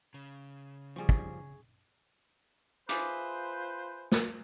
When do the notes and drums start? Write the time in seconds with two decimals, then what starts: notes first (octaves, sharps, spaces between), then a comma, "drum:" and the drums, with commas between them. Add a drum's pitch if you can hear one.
0.14 C#3
0.96 F3 G3 G#4 C#6
1.09 drum: kick
2.89 F4 G#4 B4 C5 E5 D6, drum: hi-hat
4.12 drum: snare